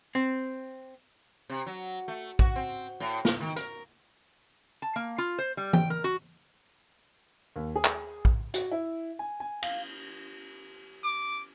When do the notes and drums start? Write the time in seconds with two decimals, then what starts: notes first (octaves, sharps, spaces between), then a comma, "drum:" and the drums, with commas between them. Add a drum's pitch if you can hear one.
0.15 C4
1.50 C3
1.67 F#3
2.08 A3
2.39 F#4, drum: kick A#1
2.56 C4
3.00 A2
3.25 A#4, drum: snare
3.40 D#3
3.56 A#4, drum: hi-hat
4.82 A5
4.96 A#3
5.18 F4
5.39 C5
5.57 G3
5.73 G5, drum: tom E3
5.90 A#4
6.04 F#4
7.56 D#2
7.76 G#4
7.85 drum: clap
8.25 drum: kick A#1
8.54 F#4, drum: hi-hat
8.71 E4
9.19 G#5
9.40 G#5
9.63 F5, drum: cymbal
11.05 D6